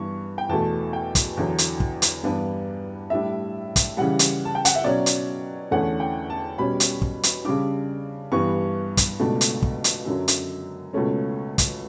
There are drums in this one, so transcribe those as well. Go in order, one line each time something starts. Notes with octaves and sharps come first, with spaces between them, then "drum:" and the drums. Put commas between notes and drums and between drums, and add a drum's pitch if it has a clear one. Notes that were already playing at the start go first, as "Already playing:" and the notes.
Already playing: G2 E3 B3 C#6
G5
E2 B2 A3 A5
G5
drum: kick, hi-hat
E2 D3 F#3
drum: hi-hat
drum: kick
drum: hi-hat
G2 E3 B3 D4
A2 G3 D4 E5
drum: kick, hi-hat
C#3 E3 G3 F#5
drum: hi-hat
A5
G5
F#5, drum: hi-hat
E5
B2 F#3 C#4 D5
drum: hi-hat
E2 D3 A3 C#4 F#5
G5
A5
B2 G3 C#4 B5
drum: hi-hat
drum: kick
drum: hi-hat
C#3 G3 D4 D6
G2 E3 G3 B3 C#6
drum: kick, hi-hat
C#2 B2 A3 D4
drum: hi-hat
drum: kick
drum: hi-hat
F#2 D3 F#3
drum: hi-hat
C#2 B2 A3 C#4
drum: kick, hi-hat